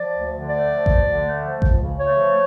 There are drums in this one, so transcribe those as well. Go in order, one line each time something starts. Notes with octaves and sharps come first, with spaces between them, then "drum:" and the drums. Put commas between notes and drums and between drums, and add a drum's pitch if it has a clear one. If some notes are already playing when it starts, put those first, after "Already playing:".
Already playing: F3 D5
D2
D3
A3 D5
F3
D2, drum: kick A1
D3
A3
F3
C#2, drum: kick A1
C#3
A3 C#5
F3